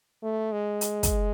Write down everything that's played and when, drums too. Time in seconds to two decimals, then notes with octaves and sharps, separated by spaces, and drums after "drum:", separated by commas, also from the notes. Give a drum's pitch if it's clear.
0.23 A3
0.52 G#3
0.81 drum: hi-hat
1.03 drum: kick, hi-hat